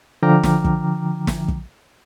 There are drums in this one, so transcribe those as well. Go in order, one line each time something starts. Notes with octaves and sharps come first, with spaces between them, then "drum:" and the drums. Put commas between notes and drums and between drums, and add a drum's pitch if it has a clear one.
D3 F3 G5 A#5 D6 F6
drum: snare
drum: kick
drum: snare
drum: kick